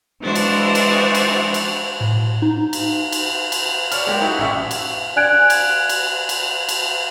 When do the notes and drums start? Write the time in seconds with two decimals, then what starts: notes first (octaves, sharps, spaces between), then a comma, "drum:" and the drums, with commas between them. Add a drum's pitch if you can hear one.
0.21 E3 G#3 D4 F#4 C5
0.35 drum: cymbal
0.75 drum: cymbal
1.15 drum: cymbal
1.54 drum: cymbal
2.01 A2
2.42 D#4
2.73 drum: cymbal
3.12 drum: cymbal
3.52 drum: cymbal
3.92 C#5 D5 F6, drum: cymbal
4.07 G#3 A#3 G4
4.21 D#4 E4 F#4
4.38 A1 A#2 C#3 E5 F#5 C#6
4.71 drum: cymbal
5.16 D5 G#5 F#6 G#6 D7
5.50 drum: cymbal
5.89 drum: cymbal
6.29 drum: cymbal
6.69 drum: cymbal